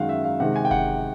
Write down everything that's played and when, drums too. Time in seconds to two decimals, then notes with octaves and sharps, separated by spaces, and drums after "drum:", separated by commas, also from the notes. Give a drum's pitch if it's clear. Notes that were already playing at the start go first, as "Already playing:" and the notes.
Already playing: F#2 D#3 G#3 F5 F#5
0.09 E5
0.24 F5
0.40 C3 D#3 G#3 F#5
0.56 G#5
0.65 G5
0.71 F#5, drum: kick F#1